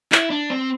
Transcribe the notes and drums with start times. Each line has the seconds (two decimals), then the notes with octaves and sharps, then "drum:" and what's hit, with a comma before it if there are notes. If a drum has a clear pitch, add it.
0.12 E4, drum: clap
0.30 D4
0.50 C4